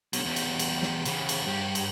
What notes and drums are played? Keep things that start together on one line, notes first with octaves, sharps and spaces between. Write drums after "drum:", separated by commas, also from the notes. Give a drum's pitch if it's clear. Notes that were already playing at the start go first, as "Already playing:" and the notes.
B1 D3, drum: cymbal
E2 G3
drum: cymbal
drum: cymbal
drum: snare
C#3 E3, drum: cymbal
drum: cymbal
G2 G4
drum: cymbal